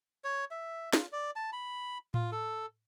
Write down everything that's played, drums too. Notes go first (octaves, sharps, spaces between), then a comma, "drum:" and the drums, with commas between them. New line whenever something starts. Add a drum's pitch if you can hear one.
C#5
E5
F4, drum: snare
D5
A5
B5
F4, drum: tom A2
A4